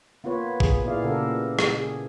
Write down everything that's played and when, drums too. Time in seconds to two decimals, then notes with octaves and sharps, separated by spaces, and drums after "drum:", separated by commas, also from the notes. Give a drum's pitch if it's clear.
0.24 A#3 B3 F4 B4 C#5
0.60 G#4, drum: kick
0.85 A#2 B3 E4 G#4 D5 F5
1.02 A#2 C#3 G4 A4 A#4
1.59 drum: rim click
1.77 G#4